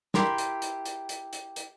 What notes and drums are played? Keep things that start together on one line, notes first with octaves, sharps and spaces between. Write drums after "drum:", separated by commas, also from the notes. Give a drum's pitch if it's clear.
E4 G4 A#4 C6, drum: snare
drum: hi-hat
drum: hi-hat
drum: hi-hat
drum: hi-hat
drum: hi-hat
drum: hi-hat